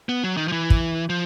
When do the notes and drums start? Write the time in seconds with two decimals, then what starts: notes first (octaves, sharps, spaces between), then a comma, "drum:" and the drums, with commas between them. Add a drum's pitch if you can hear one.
0.09 B3
0.24 F#3
0.37 D#3
0.48 F3
0.52 E3
0.70 drum: kick
1.10 F3